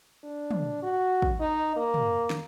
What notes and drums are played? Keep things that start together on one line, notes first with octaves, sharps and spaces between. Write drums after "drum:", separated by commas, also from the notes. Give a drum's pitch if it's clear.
D4
drum: tom
F#4
drum: kick A1
D#4
A#3
drum: tom
drum: snare